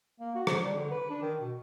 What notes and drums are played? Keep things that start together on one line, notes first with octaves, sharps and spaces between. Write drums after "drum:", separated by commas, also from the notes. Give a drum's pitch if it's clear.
A#3
F#4
F3, drum: rim click
G3
D3
B4
D4
D#3
B2